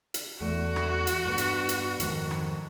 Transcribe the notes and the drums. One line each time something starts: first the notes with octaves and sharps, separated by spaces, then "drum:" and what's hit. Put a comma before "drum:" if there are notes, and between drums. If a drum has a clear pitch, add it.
drum: hi-hat
E2 A3 F#4
drum: rim click
drum: hi-hat
G2 B3
drum: hi-hat
drum: hi-hat
F2 G#2 D#3, drum: hi-hat
drum: rim click